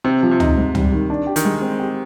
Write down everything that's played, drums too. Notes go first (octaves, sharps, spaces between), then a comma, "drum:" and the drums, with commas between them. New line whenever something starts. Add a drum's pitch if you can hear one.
C3 C4
F3
C3
D#4, drum: tom
G#2
G3, drum: tom
D#3
D4
G4
D#3, drum: hi-hat
G#3
C4
G4